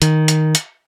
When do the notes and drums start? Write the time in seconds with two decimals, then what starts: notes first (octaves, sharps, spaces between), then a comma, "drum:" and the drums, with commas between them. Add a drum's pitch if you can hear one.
0.02 D#3, drum: hi-hat
0.28 drum: hi-hat
0.55 drum: hi-hat